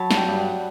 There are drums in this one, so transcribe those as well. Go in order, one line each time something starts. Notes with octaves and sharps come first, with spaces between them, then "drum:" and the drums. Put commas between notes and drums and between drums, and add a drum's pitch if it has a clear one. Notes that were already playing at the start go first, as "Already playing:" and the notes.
Already playing: F#3 A5 B5
G2, drum: snare
G5
G2
F#5